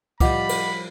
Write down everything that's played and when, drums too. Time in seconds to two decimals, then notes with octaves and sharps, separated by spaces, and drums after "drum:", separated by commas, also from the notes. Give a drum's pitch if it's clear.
0.20 F3 G3 D#5 F#5 B5 D6, drum: kick C2, cymbal
0.49 drum: cymbal